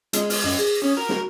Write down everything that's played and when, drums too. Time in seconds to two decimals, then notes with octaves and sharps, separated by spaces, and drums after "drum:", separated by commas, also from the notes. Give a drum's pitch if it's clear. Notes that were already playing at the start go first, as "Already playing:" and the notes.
0.13 G#3 D#5, drum: hi-hat
0.30 F6, drum: open hi-hat
0.44 F#2 D#5 G#6
0.59 G#4 A#6
0.82 C#4 D#6
0.97 F#4 A#4
1.09 drum: snare